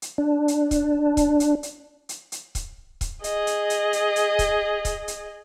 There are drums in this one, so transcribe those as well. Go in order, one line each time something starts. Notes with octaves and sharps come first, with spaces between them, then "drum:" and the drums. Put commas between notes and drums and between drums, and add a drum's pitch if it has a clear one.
drum: hi-hat
D4
drum: hi-hat
drum: kick C#1, hi-hat
drum: kick C#1, hi-hat
drum: hi-hat
drum: hi-hat
drum: hi-hat
drum: hi-hat
drum: kick C#1, hi-hat
drum: kick C#1, hi-hat
G#4 D#5, drum: hi-hat
drum: hi-hat
drum: hi-hat
drum: hi-hat
drum: hi-hat
drum: kick C#1, hi-hat
drum: kick C#1, hi-hat
drum: hi-hat